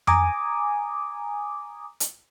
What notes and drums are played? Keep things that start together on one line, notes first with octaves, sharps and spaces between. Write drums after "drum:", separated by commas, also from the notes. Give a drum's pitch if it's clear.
G#5 A#5 D6 D#6, drum: tom F2
drum: hi-hat